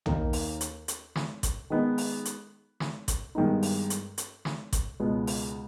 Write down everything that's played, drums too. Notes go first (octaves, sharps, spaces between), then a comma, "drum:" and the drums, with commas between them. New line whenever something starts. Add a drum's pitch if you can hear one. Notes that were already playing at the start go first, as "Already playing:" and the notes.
D#2 D#3 A#3 D#4, drum: tom B1
drum: open hi-hat
drum: hi-hat
drum: hi-hat
drum: snare
drum: kick G#1, hi-hat
D#3 G#3 B3 D#4
drum: open hi-hat
drum: hi-hat
drum: snare
drum: kick G#1, hi-hat
G2 D#3 G#3 B3 D#4
drum: open hi-hat
drum: hi-hat
drum: hi-hat
drum: snare
drum: kick G#1, hi-hat
C#2 B2 G#3 B3
drum: open hi-hat